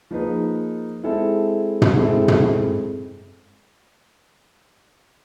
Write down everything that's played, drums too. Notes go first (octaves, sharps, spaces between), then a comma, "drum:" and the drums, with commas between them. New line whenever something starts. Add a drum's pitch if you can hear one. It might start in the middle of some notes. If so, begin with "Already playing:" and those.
F3 A#3 D#4 G#4 B4
G#3 C4 E4 A4
drum: tom
G#3 C4 E4 A4
drum: tom